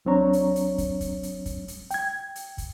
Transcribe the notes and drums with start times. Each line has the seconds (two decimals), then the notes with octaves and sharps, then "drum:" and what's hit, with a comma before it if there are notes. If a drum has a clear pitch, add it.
0.05 C2 F#3 C4 D4 C#5 A#5
0.33 drum: hi-hat
0.56 drum: hi-hat
0.78 drum: kick, hi-hat
1.01 drum: kick, hi-hat
1.23 drum: hi-hat
1.46 drum: kick, hi-hat
1.68 drum: hi-hat
1.91 G5 G#6, drum: hi-hat
2.36 drum: hi-hat
2.58 drum: kick, hi-hat